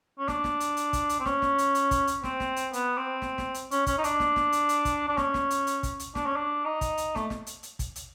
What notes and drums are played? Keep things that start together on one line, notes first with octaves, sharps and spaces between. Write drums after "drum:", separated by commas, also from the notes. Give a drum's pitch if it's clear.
C#4
D4, drum: snare
drum: snare
drum: hi-hat
drum: hi-hat
drum: kick, hi-hat
drum: hi-hat
C4
C#4, drum: snare
drum: snare
drum: hi-hat
drum: hi-hat
drum: kick, hi-hat
drum: hi-hat
C4, drum: snare
drum: snare
drum: hi-hat
B3, drum: hi-hat
C4
drum: snare
drum: snare
drum: hi-hat
C#4, drum: hi-hat
C#4, drum: kick, hi-hat
D#4
D4, drum: hi-hat
drum: snare
drum: snare
drum: hi-hat
drum: hi-hat
drum: kick, hi-hat
D4
C#4, drum: snare
drum: snare
drum: hi-hat
drum: hi-hat
drum: kick, hi-hat
drum: hi-hat
D4, drum: snare
C#4
D4
D#4
drum: kick, hi-hat
drum: hi-hat
A3, drum: snare
drum: snare
drum: hi-hat
drum: hi-hat
drum: kick, hi-hat
drum: hi-hat